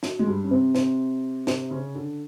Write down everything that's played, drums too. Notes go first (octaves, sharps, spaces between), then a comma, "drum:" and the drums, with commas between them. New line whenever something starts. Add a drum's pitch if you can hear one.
F#3, drum: snare
G#3
G2 G3
C#4
C3 C4
C3 C4, drum: snare
C3 C4, drum: snare
C#3 C#4
D3 D4